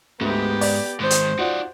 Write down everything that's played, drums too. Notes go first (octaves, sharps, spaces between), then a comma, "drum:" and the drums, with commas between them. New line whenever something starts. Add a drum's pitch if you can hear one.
D2 G#2 B3 G4
D5, drum: open hi-hat
G#2 D#3 C5
drum: hi-hat
D#4 F4 F#4 D5